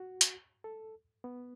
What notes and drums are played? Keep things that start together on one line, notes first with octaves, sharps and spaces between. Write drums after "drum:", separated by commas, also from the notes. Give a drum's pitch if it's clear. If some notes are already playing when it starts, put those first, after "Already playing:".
Already playing: F#4
drum: hi-hat
A4
B3